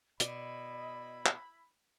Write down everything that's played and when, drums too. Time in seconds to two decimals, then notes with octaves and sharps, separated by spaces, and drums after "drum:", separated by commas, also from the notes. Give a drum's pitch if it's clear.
0.20 B2 E4 D5 D#5 B5, drum: hi-hat
1.26 drum: clap